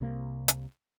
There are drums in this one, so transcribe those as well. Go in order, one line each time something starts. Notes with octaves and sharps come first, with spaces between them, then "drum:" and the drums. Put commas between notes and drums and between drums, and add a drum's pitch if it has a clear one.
C2 C3 A#3
drum: hi-hat